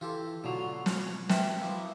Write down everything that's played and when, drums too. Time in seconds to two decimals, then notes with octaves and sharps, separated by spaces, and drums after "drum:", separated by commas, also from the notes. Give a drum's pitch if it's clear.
0.01 E3 F4 G4 A4
0.44 B2 D3 F#3 F4
0.86 drum: snare
0.96 C#5
1.29 B4 E5 G5, drum: snare
1.60 F3 A#3 E4